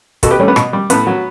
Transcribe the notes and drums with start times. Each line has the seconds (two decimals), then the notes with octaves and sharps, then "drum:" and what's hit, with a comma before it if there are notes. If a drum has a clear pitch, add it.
0.23 B2 F#4 A4, drum: kick, hi-hat
0.31 G4 B4
0.40 G3 A3 C#4
0.48 B3
0.56 B2, drum: rim click
0.73 G3
0.90 A2 B3, drum: hi-hat
1.07 F#3